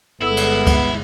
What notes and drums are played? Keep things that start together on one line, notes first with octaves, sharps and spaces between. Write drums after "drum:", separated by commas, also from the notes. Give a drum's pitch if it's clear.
G1 G#3 B3 E4 A4
drum: cymbal
drum: kick C#2, cymbal